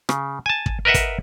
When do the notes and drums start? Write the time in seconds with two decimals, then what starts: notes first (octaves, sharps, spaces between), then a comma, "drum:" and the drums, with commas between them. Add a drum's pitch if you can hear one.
0.09 C#3, drum: rim click
0.46 G#5 A5
0.66 drum: kick
0.85 A#4 B4 D#5 E5 F#5
0.94 drum: kick, hi-hat